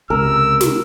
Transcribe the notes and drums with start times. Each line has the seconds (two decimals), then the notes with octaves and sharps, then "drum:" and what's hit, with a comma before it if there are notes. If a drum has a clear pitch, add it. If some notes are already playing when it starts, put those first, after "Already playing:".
0.10 C#2 C3 A#4 E6
0.61 drum: snare